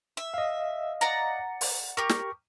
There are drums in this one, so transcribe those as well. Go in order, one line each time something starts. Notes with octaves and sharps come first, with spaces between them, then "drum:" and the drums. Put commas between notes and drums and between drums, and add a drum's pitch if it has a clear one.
E5
D#5 F5
D5 F#5 A#5
drum: open hi-hat
G4 A#4 C#6
drum: snare